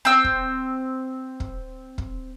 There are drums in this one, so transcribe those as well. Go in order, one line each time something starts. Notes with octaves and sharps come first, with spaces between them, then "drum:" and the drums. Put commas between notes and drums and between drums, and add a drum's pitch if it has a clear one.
C4 E6
drum: kick
drum: kick
drum: kick